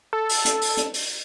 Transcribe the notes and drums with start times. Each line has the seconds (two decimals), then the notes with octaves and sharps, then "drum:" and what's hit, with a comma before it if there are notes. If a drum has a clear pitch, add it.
0.13 A4
0.29 drum: open hi-hat
0.45 drum: hi-hat
0.61 drum: open hi-hat
0.77 drum: hi-hat
0.94 drum: open hi-hat